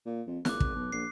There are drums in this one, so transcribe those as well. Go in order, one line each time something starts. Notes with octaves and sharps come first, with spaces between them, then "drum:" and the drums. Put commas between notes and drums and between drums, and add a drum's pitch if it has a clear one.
A#2
F2
G#1 D6 F#6, drum: snare
drum: kick
B1
A#1 C7